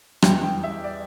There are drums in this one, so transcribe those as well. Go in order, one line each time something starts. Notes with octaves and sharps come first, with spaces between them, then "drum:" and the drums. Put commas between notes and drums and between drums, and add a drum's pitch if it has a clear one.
E2 E3 G3 G5, drum: rim click
G5
E5
D5